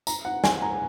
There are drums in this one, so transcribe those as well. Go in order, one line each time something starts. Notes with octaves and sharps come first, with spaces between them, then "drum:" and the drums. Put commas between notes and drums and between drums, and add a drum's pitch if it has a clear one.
A#5, drum: tambourine
F#5
G#5, drum: snare
A#5